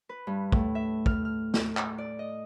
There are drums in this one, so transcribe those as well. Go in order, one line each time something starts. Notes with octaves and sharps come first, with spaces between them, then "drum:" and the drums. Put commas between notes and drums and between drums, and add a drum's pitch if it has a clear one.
B4
G2
A2, drum: kick
E5
F6, drum: kick
F6
drum: snare
drum: clap
D5
D#5